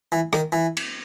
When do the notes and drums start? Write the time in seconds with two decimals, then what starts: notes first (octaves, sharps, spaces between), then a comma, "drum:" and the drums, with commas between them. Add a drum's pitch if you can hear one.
0.12 E3
0.33 D#3, drum: rim click
0.52 E3
0.77 drum: cymbal